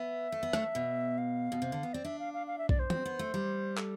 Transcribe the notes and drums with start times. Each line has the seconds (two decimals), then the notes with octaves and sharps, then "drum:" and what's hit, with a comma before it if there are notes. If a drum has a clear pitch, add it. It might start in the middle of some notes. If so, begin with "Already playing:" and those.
Already playing: B3 E5
0.32 A3
0.43 B3
0.53 A3, drum: rim click
0.75 B2
1.18 F5
1.52 B2
1.62 C3
1.72 D3
1.83 B3
1.93 C4 D5
2.05 D4 E5
2.19 F5
2.34 F5
2.47 F5
2.58 E5
2.69 D5, drum: kick B1
2.79 C5
2.90 C4, drum: tom
3.05 B3
3.19 A3
3.34 G3
3.77 A4, drum: clap